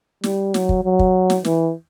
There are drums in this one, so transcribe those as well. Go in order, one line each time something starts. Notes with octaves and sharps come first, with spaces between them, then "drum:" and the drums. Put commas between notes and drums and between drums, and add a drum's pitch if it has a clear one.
G3, drum: snare
F#3, drum: snare
drum: kick
F#3
drum: kick
drum: snare
E3, drum: snare